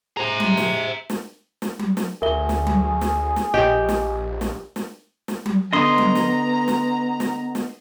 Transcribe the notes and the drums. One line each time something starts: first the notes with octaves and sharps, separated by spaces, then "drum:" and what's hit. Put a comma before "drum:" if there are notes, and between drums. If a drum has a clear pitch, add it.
G#4 C5 E5 A#5
drum: tom F#3
drum: snare
drum: snare
drum: snare
drum: tom F#3
drum: snare
D2 G#4 A#4 E5 G7
drum: snare
drum: tom F#3
drum: snare
drum: snare
A#1 G4 D#5
drum: snare
drum: snare
drum: snare
drum: snare
drum: tom F#3
D3 B3 D#5 A#5 C6 D#6
drum: tom F#3
drum: snare
drum: snare
drum: snare
drum: snare